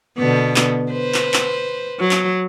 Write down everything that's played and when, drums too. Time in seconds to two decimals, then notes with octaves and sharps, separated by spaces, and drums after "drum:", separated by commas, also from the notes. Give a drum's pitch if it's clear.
0.17 B2 D3 B3
0.56 drum: clap
0.92 B4 C5
1.14 drum: clap
1.34 drum: clap
1.99 F#3
2.11 drum: clap